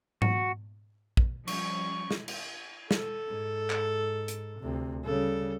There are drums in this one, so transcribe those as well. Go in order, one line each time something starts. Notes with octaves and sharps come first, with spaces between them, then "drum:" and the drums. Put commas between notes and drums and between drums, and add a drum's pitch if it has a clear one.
F#4, drum: tom G#2
drum: kick
F3 G3 C#4 C#6, drum: cymbal
drum: snare
drum: cymbal
A4, drum: snare
G#2
drum: clap
drum: hi-hat
D2 C3
C#3 G3 A4